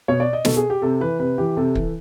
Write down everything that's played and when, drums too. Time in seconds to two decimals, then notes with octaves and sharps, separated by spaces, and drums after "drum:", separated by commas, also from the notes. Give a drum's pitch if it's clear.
0.08 B2 C#5
0.20 D5
0.33 D#5
0.45 B2 A4, drum: snare
0.57 G#4
0.70 G4
0.82 C3 A4
1.01 E3 B4
1.19 C3 B4
1.38 E3 G4
1.57 C3 A4
1.75 E3, drum: kick